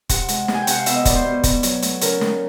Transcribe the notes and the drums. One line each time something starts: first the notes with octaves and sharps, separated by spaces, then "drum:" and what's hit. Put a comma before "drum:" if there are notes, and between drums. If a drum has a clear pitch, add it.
C3 F#5, drum: kick, hi-hat
G#3, drum: hi-hat
C3, drum: snare
G#5
G5
C3 F#5, drum: hi-hat
F5
B2 E5, drum: hi-hat
D#5
B2 D5, drum: kick, hi-hat
C5
B2
B2, drum: kick, hi-hat
F#3, drum: hi-hat
A3, drum: hi-hat
C#3 A#4, drum: hi-hat
C#3, drum: snare